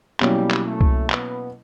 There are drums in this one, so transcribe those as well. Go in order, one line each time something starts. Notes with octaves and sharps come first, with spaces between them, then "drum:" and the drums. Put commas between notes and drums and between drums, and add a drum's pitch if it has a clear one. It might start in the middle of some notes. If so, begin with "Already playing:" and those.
B2 F#3 G3 A#3 C#4 E4, drum: clap
drum: clap
A3
drum: kick C2
B3, drum: clap